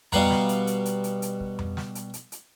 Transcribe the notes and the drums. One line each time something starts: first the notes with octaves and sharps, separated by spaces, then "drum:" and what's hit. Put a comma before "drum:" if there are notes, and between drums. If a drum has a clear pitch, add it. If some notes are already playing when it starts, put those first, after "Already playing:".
B2 G3 B4 F5 F#5 A#5, drum: tom F2
drum: snare
drum: hi-hat
drum: hi-hat
drum: hi-hat
drum: hi-hat
drum: hi-hat
drum: kick
drum: tom F2
drum: snare
drum: hi-hat
drum: hi-hat
drum: hi-hat